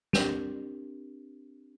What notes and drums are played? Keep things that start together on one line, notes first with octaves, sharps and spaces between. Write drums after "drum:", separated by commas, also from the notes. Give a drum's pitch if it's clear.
C4 D4 G4 A#4, drum: snare